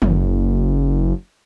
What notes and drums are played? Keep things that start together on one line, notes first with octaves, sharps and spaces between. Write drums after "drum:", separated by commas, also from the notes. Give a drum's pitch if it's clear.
F#1, drum: tom